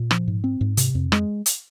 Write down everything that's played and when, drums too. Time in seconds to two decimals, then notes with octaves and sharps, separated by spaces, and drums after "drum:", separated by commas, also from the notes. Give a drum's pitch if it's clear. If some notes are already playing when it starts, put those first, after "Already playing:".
Already playing: A#2
0.11 F3, drum: rim click
0.28 G#2
0.44 C4
0.61 G#2
0.77 C3, drum: hi-hat
0.95 F2
1.12 G#3, drum: rim click
1.46 drum: hi-hat